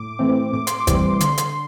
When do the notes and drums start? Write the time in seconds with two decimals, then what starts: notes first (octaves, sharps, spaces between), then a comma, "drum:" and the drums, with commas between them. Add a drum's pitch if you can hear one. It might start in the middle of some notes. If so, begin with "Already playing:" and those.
Already playing: A2 D6
0.19 E3 A3 C4
0.53 A2 D6
0.67 C6, drum: hi-hat
0.80 D6
0.87 E3 G3 C4, drum: kick, hi-hat
1.20 D3 C6, drum: hi-hat
1.38 drum: hi-hat